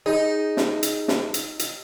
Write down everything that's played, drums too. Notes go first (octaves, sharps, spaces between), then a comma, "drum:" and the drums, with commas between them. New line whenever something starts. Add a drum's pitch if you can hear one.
D#4 G#4
drum: snare
drum: hi-hat
drum: snare
drum: hi-hat
drum: hi-hat